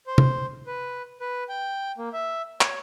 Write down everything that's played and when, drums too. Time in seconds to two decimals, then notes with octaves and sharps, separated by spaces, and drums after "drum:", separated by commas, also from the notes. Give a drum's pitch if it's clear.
0.07 C5
0.18 drum: tom
0.67 B4
1.20 B4
1.49 G5
1.98 A#3
2.13 E5
2.61 C#5, drum: clap